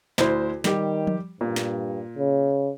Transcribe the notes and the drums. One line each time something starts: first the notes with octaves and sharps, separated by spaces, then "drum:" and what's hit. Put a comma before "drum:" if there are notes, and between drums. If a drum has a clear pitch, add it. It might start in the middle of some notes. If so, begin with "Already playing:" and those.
D2 E4 C5, drum: snare
D#3 G3 G4, drum: snare
drum: tom F3
G2 A#2
drum: snare
C#3